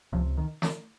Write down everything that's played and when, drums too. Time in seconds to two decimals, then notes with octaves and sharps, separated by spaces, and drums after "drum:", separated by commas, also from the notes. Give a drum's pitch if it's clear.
0.13 C#2 C3 F3
0.37 D#3
0.62 drum: snare